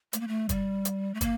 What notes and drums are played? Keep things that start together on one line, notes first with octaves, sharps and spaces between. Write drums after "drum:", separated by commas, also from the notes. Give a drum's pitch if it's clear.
A3, drum: hi-hat
A#3
A3
G3, drum: kick, hi-hat
drum: hi-hat
A3
A#3, drum: kick, hi-hat